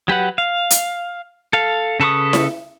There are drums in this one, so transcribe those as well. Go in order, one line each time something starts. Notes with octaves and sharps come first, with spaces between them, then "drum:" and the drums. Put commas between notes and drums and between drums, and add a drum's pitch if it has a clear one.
F#3 G4 B4 F#5
F5
drum: hi-hat
A4 F5
C#3 A4 B4 C#6 D#6
drum: snare E4